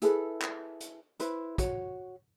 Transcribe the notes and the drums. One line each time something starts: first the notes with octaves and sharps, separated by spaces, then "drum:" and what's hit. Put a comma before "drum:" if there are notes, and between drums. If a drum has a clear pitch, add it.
E4 G#4 A4 B4, drum: hi-hat
drum: clap
drum: hi-hat
E4 B4 C5, drum: hi-hat
F#4 C#5, drum: kick, hi-hat